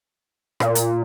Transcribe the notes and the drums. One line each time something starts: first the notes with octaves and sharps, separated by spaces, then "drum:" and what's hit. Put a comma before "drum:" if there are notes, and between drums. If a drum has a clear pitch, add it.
A#2, drum: rim click
drum: hi-hat